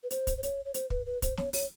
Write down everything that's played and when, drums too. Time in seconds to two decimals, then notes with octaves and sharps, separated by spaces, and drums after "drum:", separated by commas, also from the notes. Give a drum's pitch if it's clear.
0.03 B4
0.11 C5, drum: hi-hat
0.27 drum: kick, hi-hat
0.38 C5
0.43 C#5, drum: hi-hat
0.65 C#5
0.74 C5, drum: hi-hat
0.90 B4, drum: kick
1.06 B4
1.22 C5, drum: kick, hi-hat
1.37 C#5, drum: snare
1.53 C#5, drum: open hi-hat